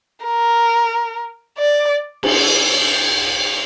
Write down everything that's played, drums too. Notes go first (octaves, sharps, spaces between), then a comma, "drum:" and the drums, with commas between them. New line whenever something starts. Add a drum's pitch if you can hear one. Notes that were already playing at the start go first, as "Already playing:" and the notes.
A#4
D5
drum: cymbal